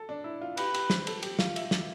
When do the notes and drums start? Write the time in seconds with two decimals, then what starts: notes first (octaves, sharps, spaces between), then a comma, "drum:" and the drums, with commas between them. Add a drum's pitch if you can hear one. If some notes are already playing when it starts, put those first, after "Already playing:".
Already playing: A4
0.09 D4
0.24 E4
0.41 F4
0.57 G4 B4, drum: cymbal
0.74 G4, drum: cymbal
0.90 C5, drum: snare
1.07 A4, drum: cymbal
1.22 G4, drum: cymbal
1.39 F4, drum: snare
1.56 E5, drum: cymbal
1.71 F5, drum: snare